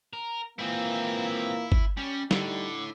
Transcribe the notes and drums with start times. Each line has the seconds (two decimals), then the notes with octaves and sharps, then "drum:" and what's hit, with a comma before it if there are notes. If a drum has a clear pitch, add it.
0.13 A#4
0.59 A#2 E3 G#3 A#3 C4 E4 G#5
1.72 drum: kick G1
1.97 G3 C#4
2.31 D3 G3 D#4 E4 A4, drum: snare